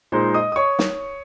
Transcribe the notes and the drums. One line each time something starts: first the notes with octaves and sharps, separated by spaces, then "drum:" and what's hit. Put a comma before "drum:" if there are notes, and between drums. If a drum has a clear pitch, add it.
A#2 G#3 D#4 C5 C6
D#5 D#6
D#6
C#5 C#6
drum: snare